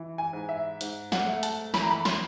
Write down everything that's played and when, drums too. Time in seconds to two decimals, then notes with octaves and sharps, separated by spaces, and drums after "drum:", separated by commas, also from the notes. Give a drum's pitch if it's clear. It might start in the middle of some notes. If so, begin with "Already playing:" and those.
Already playing: E3
0.18 G#5
0.33 G#2
0.49 E5
0.81 G#2, drum: hi-hat
1.12 F#5, drum: snare
1.26 A3
1.43 A5, drum: hi-hat
1.74 E3 B5, drum: snare
1.82 A#5
1.91 B5
2.05 C6, drum: snare